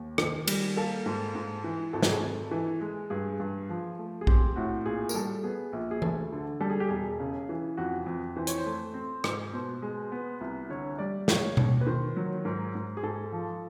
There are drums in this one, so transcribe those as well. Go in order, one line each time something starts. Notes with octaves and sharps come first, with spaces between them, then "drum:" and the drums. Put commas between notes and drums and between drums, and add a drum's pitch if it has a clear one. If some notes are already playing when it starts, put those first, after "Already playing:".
Already playing: D#2
D#3, drum: rim click
G3, drum: cymbal
A#3 A4
G#2
G#2
E3
G#1 A4
G#4, drum: snare
A4
G#1
E3
G#3
G2 G#4
G2
F3
A3
G#4
C4 G4, drum: kick
A2 F#4
A#2 G#4
A#4, drum: tambourine
G3 A4
B3 G#4
A#1
G#4
D2 A4, drum: tom E3
D3
G3 A4
G#4
G4
E1 G#4
C#3
E3
F2 F#4
F2
E3 C5
C#5, drum: hi-hat
C5
A3
C4
G#2, drum: rim click
B2 C5
G#3
B3
C2
D3 C#5
G3 D5
A#3 C#5, drum: snare
D#2, drum: tom B2
B4
D#3 C5
F#3
G#2 A#4
G#2
G#4
G#2 A4
F3